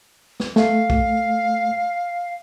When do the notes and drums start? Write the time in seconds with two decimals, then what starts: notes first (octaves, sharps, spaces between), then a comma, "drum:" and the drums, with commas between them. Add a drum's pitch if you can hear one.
0.40 drum: snare
0.56 A3 F5, drum: snare
0.90 drum: kick A#1